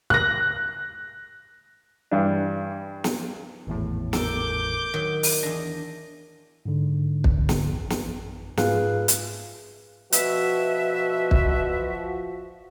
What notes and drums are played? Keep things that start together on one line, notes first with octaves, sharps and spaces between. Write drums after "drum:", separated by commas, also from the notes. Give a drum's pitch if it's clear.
F#6 A#6
G2 E3 D4
drum: snare
G#1 E2 A2
A4 A#4 D5 D6 G6, drum: snare
D#3 F#3
drum: open hi-hat
E2 D4 A#6
G#2 D3
drum: kick
drum: snare
A1 F#2
drum: snare
G#2 F4 G#4 B4 F5 F#6, drum: snare
drum: hi-hat
B2 F3 F#4 B4 E5, drum: hi-hat
drum: kick